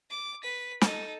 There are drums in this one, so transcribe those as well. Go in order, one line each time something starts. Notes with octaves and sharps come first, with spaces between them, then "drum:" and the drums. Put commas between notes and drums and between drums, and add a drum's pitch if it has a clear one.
D6
B4 B6
D#4 A4, drum: snare